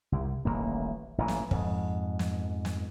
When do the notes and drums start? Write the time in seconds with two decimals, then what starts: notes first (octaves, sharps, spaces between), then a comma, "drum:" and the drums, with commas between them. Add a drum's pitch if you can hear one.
0.12 C2
0.45 D#1 A1 D#2 A#3
1.18 A1 A#2 E3
1.28 drum: snare
1.51 F2 G#2, drum: kick
2.19 drum: snare
2.65 drum: snare